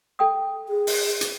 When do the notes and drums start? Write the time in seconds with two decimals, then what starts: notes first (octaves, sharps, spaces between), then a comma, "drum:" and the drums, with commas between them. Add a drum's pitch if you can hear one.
0.19 A4 G5 D#6
0.69 G#4
0.87 drum: open hi-hat
1.21 drum: hi-hat